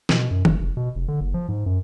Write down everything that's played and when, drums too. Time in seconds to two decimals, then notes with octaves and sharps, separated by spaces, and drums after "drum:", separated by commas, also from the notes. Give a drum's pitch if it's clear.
0.09 B2, drum: snare
0.31 F#2
0.45 F#1, drum: tom
0.59 F1
0.77 B2
0.95 F1
1.08 D3
1.21 F#1
1.34 F3
1.49 G#2
1.66 F#2